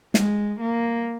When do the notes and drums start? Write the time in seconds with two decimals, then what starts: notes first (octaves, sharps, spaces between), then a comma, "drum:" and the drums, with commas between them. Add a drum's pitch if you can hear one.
0.14 G#3, drum: snare
0.60 A#3